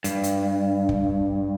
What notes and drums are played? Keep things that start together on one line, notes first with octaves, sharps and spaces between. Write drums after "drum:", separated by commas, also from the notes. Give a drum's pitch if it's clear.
G2, drum: hi-hat
drum: hi-hat
drum: kick